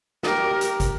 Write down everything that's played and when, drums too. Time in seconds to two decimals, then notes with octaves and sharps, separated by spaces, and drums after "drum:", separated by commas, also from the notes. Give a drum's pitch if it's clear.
0.23 G4 A#4, drum: snare
0.61 drum: hi-hat
0.80 drum: kick, hi-hat